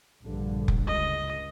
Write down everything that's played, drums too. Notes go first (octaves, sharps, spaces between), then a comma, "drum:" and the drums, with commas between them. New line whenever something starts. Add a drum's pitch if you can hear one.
A#1 G2 D3
drum: kick F1
C#2 D#5